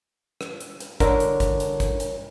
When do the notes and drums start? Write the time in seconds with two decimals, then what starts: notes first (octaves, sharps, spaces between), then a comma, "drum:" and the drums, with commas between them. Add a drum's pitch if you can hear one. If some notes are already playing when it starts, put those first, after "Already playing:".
0.41 drum: rim click
0.61 drum: hi-hat
0.80 drum: hi-hat
1.00 D3 A#4 C#5, drum: kick G#1, hi-hat
1.20 drum: hi-hat
1.40 drum: kick G#1, hi-hat
1.60 drum: hi-hat
1.80 drum: kick G#1, hi-hat
2.00 drum: hi-hat